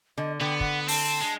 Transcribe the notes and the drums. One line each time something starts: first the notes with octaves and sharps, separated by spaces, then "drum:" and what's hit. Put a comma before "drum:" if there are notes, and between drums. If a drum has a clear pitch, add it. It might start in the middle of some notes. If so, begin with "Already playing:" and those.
D3 D#5
D3 B3 G5
F#5, drum: kick
C4 A5, drum: open hi-hat
G#3